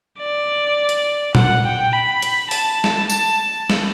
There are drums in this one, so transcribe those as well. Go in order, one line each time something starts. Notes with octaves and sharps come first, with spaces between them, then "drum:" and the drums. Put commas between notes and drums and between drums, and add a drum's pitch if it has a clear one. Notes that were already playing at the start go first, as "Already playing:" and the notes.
D5
drum: hi-hat
F#5, drum: tom A#2
G5
B5
drum: hi-hat
A5, drum: open hi-hat
drum: snare
A5, drum: tambourine
drum: snare